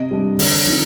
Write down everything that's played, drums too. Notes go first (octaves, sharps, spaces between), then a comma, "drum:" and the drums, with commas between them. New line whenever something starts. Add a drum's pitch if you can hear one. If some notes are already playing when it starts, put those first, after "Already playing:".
Already playing: C3 D#5
G3 D4
D3, drum: open hi-hat
F3 C4 D#4